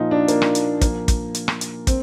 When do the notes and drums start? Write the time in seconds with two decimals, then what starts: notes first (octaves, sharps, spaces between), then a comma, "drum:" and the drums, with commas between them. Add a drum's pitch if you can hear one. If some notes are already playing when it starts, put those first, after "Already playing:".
Already playing: A#2 F3 D#4 F4
0.11 D4
0.28 A#3, drum: hi-hat
0.42 drum: rim click
0.55 drum: hi-hat
0.81 A#2 F3 A#3, drum: kick, hi-hat
1.08 drum: kick, hi-hat
1.35 drum: hi-hat
1.48 drum: rim click
1.61 drum: hi-hat
1.87 C4, drum: kick, hi-hat